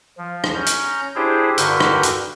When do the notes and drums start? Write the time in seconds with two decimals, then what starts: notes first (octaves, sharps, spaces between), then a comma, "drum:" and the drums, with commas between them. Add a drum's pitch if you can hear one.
0.18 F3
0.44 drum: rim click
0.55 C#4 A#5 G6
0.66 drum: hi-hat
1.16 D4 E4 G4 G#4 C5
1.58 G2 D3 F#4 A#4 B4 G6, drum: hi-hat
1.80 drum: rim click
2.03 drum: hi-hat